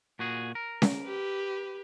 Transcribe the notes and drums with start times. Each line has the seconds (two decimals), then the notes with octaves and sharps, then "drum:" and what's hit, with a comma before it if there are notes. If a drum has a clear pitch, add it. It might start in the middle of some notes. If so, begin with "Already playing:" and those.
0.19 A#2 F#4 G#4
0.55 A#4
0.82 drum: snare C#4
1.03 G4 B4